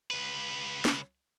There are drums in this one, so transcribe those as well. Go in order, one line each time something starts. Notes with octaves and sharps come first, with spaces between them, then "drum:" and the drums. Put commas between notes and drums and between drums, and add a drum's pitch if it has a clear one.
C#2 B4
drum: snare